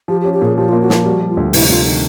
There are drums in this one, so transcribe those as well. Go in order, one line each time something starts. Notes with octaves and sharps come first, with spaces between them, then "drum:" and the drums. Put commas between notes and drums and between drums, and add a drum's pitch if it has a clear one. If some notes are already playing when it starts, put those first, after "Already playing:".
F3 G4
C#4 G4
G4
A#2 G#4
F3 G4
F4
A#3
F#4
F3 F4, drum: snare
G3 F#4
G3
F4
D2
C3 E4, drum: open hi-hat
D2 F4
D#3